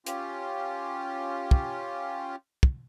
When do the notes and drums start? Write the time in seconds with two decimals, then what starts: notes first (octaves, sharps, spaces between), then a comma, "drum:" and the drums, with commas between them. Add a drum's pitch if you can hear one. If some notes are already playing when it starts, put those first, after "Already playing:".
0.06 C#4 F4 G4, drum: hi-hat
1.51 drum: kick
2.63 drum: kick